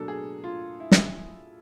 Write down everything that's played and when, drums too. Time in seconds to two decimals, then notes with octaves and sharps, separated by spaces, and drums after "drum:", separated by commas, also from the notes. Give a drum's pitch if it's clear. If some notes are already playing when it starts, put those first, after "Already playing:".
Already playing: B2 F#3 A#3 D4 A4
0.08 G#4
0.44 F4
0.80 E4
0.92 drum: snare